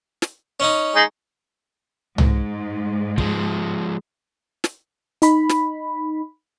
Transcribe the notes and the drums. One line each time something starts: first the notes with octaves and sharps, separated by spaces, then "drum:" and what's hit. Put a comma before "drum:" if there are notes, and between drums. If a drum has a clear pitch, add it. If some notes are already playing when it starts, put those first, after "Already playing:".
drum: snare
C#4 D#4
G#3 D#4 G#4
G#2, drum: tom C2
F3 G#3, drum: kick
drum: snare
D#4 B5, drum: hi-hat
drum: snare